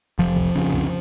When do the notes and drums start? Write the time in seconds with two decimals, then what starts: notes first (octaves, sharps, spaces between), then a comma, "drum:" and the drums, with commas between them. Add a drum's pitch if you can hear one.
0.19 F1 F3
0.36 drum: kick
0.55 F2 C#3
0.73 drum: kick